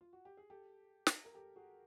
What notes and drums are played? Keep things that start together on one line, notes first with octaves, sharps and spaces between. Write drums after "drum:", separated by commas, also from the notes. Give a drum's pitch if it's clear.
F4
F#4
G4
G#4
G4 A4
drum: snare
A#4
G4 A4
F#4 G#4